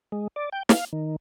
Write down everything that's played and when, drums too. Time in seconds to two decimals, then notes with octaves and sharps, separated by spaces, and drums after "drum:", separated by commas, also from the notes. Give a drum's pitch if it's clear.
0.12 G#3
0.36 D5
0.52 G5
0.69 F5, drum: snare
0.93 D#3